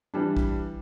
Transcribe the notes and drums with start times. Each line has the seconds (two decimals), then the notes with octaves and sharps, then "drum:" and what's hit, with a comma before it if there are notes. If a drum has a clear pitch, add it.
0.14 E3 G3 D4
0.37 drum: kick